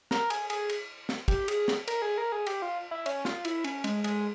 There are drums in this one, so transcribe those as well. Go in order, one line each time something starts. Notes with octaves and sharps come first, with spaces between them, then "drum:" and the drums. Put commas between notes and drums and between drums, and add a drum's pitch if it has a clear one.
A#4, drum: snare
G#4, drum: cymbal
G#4, drum: cymbal
drum: cymbal
drum: snare
G4, drum: kick, cymbal
G#4, drum: cymbal
drum: snare
A#4, drum: cymbal
G#4
A#4
G#4
G4, drum: cymbal
F4
E4
C#4, drum: cymbal
F4, drum: snare
E4, drum: cymbal
C#4, drum: cymbal
G#3, drum: cymbal
G#3, drum: cymbal